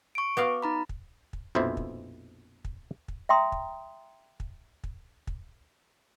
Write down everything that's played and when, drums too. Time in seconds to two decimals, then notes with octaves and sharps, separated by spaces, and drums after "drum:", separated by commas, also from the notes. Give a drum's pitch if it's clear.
0.15 C#6 D7
0.37 B3 F#4 F5 D6
0.62 D#4 A#5 B5
0.89 drum: kick
1.33 drum: kick
1.55 A#1 F2 B2 E4 C5 E5
1.77 drum: kick
2.65 drum: kick
3.08 drum: kick
3.29 E5 G5 A#5 C6 D#6
3.52 drum: kick
4.40 drum: kick
4.84 drum: kick
5.27 drum: kick